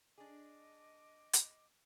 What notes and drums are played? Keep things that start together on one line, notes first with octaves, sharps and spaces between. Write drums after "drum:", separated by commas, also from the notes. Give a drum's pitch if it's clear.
D4 G#4 D#5 D6
drum: hi-hat